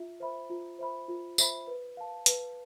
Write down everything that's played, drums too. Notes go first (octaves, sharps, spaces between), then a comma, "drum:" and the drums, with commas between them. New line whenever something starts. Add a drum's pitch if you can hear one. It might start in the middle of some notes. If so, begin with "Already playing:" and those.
Already playing: F4 E5
C5 E5 B5
F4
C5 E5 B5
F4
C5 E5 B5, drum: tambourine
B4
F5 A5
B4, drum: hi-hat